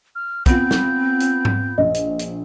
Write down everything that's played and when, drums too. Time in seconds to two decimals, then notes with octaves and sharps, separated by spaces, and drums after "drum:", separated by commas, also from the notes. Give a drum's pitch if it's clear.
0.15 F6
0.46 B3 C4 F4 G6, drum: kick, hi-hat
0.71 drum: snare
1.20 drum: hi-hat
1.45 drum: tom G#2
1.78 A#1 D#5
1.94 drum: hi-hat
2.19 drum: hi-hat